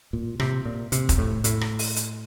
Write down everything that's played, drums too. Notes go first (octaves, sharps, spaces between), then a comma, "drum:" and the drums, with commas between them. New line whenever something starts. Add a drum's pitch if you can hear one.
A#2
C3, drum: rim click
A#2
C3, drum: hi-hat
drum: kick, hi-hat
A2
A2, drum: hi-hat
drum: rim click
drum: open hi-hat
drum: hi-hat